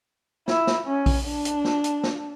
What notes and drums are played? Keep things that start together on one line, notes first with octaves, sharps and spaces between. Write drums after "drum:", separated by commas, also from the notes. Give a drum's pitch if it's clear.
E4, drum: snare
drum: snare
C#4
drum: kick A#1, open hi-hat
D4
drum: hi-hat
drum: snare
drum: hi-hat
drum: snare